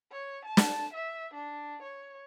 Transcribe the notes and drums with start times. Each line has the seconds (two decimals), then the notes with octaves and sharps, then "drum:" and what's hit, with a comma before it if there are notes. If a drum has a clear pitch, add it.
0.12 C#5
0.45 A5
0.57 drum: snare
0.94 E5
1.34 D4
1.82 C#5